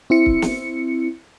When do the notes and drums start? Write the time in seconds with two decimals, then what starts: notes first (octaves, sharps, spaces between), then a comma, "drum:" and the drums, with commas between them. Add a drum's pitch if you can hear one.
0.10 C4 E4 C#7
0.26 drum: kick C#1
0.42 drum: snare